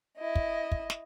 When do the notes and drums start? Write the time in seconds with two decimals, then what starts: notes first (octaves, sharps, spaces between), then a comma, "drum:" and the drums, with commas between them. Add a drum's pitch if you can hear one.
0.18 E4 D#5
0.36 drum: kick
0.72 drum: kick
0.90 drum: snare